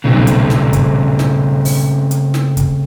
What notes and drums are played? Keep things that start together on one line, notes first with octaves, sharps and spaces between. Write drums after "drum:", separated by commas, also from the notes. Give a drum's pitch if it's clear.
D#1 B1 C#3 A3 C4
drum: hi-hat
drum: snare
drum: kick, hi-hat
drum: snare
drum: open hi-hat
drum: hi-hat
drum: snare
drum: kick, hi-hat